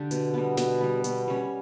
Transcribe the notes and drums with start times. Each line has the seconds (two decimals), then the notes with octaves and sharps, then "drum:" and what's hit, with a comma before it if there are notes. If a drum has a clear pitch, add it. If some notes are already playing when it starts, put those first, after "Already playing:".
Already playing: D3 D4 G4
0.11 B2, drum: hi-hat
0.34 G3 B3
0.57 B2, drum: snare
0.81 G3 B3
1.04 B2, drum: hi-hat
1.28 G3 C#4